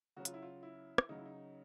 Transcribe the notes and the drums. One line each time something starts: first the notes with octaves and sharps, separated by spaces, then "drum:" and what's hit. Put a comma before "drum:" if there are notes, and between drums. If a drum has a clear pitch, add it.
C#3 F#3 F#4
F4, drum: hi-hat
E4
F4
E4
drum: rim click
C#3 F#3 D#4
E4
D#4